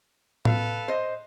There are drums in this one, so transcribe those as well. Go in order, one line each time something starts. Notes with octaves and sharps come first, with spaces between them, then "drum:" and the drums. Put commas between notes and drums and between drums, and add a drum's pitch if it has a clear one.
A4 B4 F5, drum: tom A2
C5 D#5